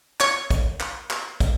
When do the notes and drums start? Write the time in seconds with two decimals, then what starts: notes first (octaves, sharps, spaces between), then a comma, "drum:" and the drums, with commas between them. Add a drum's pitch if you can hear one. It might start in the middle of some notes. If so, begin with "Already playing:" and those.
0.20 C#5, drum: clap
0.50 drum: kick, hi-hat
0.80 drum: clap
1.10 drum: clap
1.40 drum: kick, hi-hat